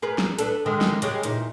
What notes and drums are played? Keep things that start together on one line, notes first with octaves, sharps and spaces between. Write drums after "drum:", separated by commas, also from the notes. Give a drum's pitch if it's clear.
G#4 A#4 B4
drum: snare
B3 D4 A4, drum: hi-hat
D3 D#3 G#3
drum: snare
C#3 G#3 G4, drum: hi-hat
E2 A#2 D#4, drum: hi-hat